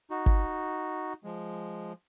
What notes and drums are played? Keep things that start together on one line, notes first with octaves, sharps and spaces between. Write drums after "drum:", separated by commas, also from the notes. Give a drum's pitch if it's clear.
D#4 F#4
drum: kick G1
F3 G#3